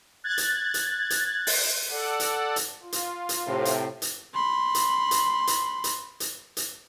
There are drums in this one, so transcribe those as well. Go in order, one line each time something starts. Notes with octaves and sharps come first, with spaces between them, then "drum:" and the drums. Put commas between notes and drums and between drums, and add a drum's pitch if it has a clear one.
F#6 G#6 A6
drum: hi-hat
drum: hi-hat
drum: hi-hat
drum: open hi-hat
A4 D5 F#5
drum: hi-hat
drum: hi-hat
F4
drum: hi-hat
drum: hi-hat
A2 C3
drum: hi-hat
drum: hi-hat
B5 C6
drum: hi-hat
drum: hi-hat
drum: hi-hat
drum: hi-hat
drum: hi-hat
drum: hi-hat